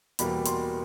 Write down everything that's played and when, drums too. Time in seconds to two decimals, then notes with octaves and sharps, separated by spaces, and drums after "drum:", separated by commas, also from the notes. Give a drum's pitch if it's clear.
0.19 E2 B2 G3 A#3 B5, drum: hi-hat
0.46 C6, drum: hi-hat